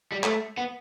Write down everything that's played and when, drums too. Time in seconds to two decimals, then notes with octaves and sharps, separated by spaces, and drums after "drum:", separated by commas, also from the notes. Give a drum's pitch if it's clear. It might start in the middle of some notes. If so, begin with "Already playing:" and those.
0.12 G3
0.24 A3, drum: clap
0.57 B3